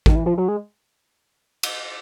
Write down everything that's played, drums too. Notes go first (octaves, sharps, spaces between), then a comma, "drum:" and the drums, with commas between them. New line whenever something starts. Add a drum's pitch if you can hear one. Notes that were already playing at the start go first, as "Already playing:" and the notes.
D#3, drum: kick
E3
F3
F#3
G#3
drum: cymbal